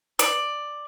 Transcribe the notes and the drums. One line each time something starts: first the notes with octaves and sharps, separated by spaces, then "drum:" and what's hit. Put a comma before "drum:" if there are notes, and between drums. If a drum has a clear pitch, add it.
D5, drum: hi-hat